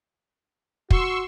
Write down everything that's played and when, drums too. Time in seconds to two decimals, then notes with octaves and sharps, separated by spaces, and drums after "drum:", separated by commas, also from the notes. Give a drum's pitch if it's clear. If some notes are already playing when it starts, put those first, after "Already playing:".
0.90 F#4 C6 C#6 E6, drum: kick